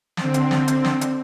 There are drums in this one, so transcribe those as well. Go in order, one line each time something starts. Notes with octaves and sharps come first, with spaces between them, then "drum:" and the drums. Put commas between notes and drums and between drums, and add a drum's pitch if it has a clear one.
D3 C4, drum: snare
drum: hi-hat
drum: snare
drum: hi-hat
drum: snare
drum: hi-hat